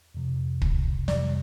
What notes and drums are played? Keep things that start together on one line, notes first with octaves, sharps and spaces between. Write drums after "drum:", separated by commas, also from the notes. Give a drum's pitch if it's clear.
F2 C3 F3
drum: kick
F2 C3 G3 D5, drum: snare